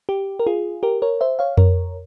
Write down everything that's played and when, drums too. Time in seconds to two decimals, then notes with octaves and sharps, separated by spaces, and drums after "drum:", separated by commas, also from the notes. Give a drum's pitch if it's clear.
0.09 G4
0.39 A#4
0.47 F4 G#4
0.83 G4 A#4
1.02 A#4 C#5
1.21 C5 E5
1.39 C#5 F5
1.57 A#4 C#5, drum: tom F2